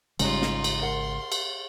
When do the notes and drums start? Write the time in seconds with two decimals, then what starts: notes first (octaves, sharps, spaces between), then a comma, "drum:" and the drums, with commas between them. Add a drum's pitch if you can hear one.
0.19 G#1 C#3 G3 G#3 C#4 D#4 F4, drum: cymbal
0.42 drum: snare
0.64 drum: cymbal
0.82 A#4 F#5 C6
1.32 drum: cymbal